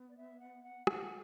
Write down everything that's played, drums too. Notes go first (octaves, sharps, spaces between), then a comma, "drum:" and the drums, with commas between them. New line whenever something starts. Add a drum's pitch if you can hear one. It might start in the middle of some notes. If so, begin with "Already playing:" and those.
Already playing: B3
D5
E5
F#5
F#5
F#5, drum: rim click